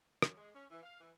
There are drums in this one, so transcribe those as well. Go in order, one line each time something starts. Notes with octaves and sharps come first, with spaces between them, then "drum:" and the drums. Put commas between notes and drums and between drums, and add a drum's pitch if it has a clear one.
F#2, drum: rim click
G#3
C#4
E3
F5
E3